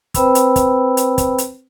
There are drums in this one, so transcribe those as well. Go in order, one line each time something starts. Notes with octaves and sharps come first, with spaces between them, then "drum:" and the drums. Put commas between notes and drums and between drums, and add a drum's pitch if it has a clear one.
C4 B4 C5 G5 B5 E6, drum: kick, hi-hat
drum: hi-hat
drum: kick, hi-hat
drum: hi-hat
drum: kick, hi-hat
drum: hi-hat